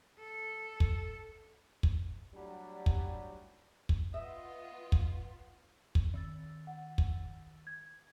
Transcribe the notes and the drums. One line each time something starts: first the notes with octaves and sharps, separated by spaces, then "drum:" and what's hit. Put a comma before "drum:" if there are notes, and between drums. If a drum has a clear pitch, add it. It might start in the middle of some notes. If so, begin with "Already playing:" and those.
A4
drum: kick
drum: kick
A2 F#3 G3 D4 F#4 G4
drum: kick
drum: kick
B3 F4 D#5 E5
drum: kick
drum: kick
D#3 E6 A6
F#5
drum: kick
G#6